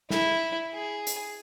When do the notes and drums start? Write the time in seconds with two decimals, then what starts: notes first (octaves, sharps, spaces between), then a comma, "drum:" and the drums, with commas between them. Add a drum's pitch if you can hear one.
0.10 E4, drum: snare
0.74 G#4
1.07 drum: hi-hat